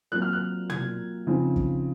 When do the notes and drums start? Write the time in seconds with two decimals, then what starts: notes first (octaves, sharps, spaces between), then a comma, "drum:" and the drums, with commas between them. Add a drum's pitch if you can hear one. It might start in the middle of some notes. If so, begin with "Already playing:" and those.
0.12 A#2 F#3 C4 F#6
0.22 F6
0.33 F#6
0.70 G#6, drum: tom
1.27 C#3 F3 C4 D#4
1.56 drum: kick